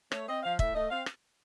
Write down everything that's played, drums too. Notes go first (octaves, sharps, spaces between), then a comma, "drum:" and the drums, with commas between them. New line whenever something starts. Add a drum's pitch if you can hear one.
A3 C#5, drum: rim click
C4 D#5
F3 F5
A2 E5, drum: kick
A3 D#5
C4 F5
drum: rim click